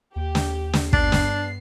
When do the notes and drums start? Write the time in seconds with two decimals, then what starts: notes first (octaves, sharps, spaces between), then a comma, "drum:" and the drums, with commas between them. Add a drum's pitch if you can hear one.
0.16 D#2 G4
0.35 drum: snare
0.73 drum: snare
0.93 G2 B3 D4 C7, drum: kick
1.12 drum: snare